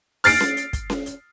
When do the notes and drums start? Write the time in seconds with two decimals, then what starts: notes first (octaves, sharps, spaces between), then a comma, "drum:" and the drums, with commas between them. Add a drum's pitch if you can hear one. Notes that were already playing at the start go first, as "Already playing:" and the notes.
0.24 F6 A6 C7 D7, drum: open hi-hat
0.40 drum: snare C#4
0.57 drum: hi-hat
0.73 drum: kick, hi-hat
0.90 drum: snare C#4
1.06 drum: hi-hat